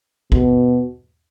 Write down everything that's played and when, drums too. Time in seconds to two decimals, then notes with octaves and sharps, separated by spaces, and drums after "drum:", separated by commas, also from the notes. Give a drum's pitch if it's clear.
0.32 B2, drum: kick G#1